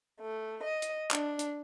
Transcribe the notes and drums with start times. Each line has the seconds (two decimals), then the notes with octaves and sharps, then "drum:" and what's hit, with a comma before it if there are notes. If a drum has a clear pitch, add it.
0.21 A3
0.63 D#5
0.82 drum: hi-hat
1.11 D4, drum: clap
1.39 drum: hi-hat